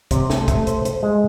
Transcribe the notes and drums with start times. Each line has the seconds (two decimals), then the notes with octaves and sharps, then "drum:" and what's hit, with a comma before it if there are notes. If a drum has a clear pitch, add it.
0.11 C3, drum: kick, hi-hat
0.30 A3, drum: snare
0.48 A3, drum: kick, hi-hat
0.67 C5, drum: hi-hat
0.85 C5, drum: hi-hat
1.03 G#3